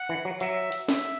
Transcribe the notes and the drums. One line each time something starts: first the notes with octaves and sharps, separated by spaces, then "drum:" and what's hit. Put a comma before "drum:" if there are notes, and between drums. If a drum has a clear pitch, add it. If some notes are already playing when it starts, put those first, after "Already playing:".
Already playing: F#5
E3
F#3
F#3 E5, drum: hi-hat
drum: hi-hat
E5, drum: snare
drum: hi-hat